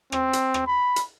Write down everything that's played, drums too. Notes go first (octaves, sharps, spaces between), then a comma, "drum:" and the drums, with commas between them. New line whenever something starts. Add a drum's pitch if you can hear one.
C4, drum: rim click
drum: hi-hat
drum: rim click
B5
drum: hi-hat